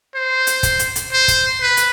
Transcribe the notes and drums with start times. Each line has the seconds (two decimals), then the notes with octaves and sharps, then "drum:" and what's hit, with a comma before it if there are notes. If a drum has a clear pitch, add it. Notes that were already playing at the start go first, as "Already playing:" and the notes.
0.15 C5
0.47 drum: hi-hat
0.63 drum: kick, hi-hat
0.79 drum: hi-hat
0.96 drum: hi-hat
1.12 C5
1.28 drum: kick, hi-hat
1.61 B4
1.77 drum: hi-hat